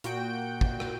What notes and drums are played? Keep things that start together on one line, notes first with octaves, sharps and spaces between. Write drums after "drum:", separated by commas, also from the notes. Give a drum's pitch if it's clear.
A#2 F#4 G5 D7, drum: hi-hat
drum: kick
drum: rim click